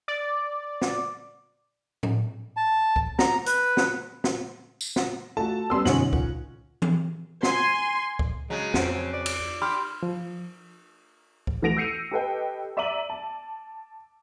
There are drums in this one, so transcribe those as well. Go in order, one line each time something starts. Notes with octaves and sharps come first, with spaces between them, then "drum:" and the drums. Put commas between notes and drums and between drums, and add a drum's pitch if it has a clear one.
D5
drum: snare
drum: tom A2
A5
drum: kick C#2
A#5, drum: snare
B4, drum: hi-hat
drum: snare
drum: snare
drum: tambourine
drum: snare
A3 F4 F#4 A4 A5
G3 B3 C#4 C6 E6
F#2 B2 D3 C#4 D#4 F#7, drum: snare
C2 F4 F#5, drum: kick C#2
drum: tom E3
G#5 C6, drum: snare
drum: kick C#2
C#3 F#3 G#3
F2 C4, drum: snare
D5
drum: cymbal
G4 B5 C6 F6
F3
drum: kick C#2
E3 A3 F#4 A#6 D7 F7
E6 G6 C7 C#7 D#7 F7
G4 A4 B4 D#5 G5
D5 E5 A#5 D6 D#7 F#7
A5